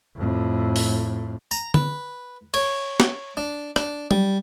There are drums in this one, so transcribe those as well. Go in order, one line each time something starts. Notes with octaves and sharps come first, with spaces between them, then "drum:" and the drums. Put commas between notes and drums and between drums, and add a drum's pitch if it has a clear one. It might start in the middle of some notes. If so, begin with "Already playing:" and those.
F2 A2
drum: open hi-hat
A#5, drum: tambourine
B4, drum: tom D3
C#5, drum: cymbal
drum: snare
D4
D4, drum: rim click
G3, drum: tom F#3